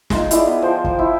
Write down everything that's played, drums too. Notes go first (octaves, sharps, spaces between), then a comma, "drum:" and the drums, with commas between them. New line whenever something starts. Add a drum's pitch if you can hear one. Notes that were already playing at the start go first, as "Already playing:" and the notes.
D#4 F4 G#4, drum: snare
E4 G#4 D5 D#5, drum: hi-hat
B3 D#5 F5
F3 C5 G5
A#3, drum: kick
E4